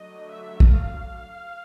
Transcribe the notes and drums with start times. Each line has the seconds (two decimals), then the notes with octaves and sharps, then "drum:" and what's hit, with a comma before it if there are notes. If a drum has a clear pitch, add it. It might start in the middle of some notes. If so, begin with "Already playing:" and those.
Already playing: D3 F#3 A3 D4 D#5
0.30 E5
0.60 drum: kick
0.70 F5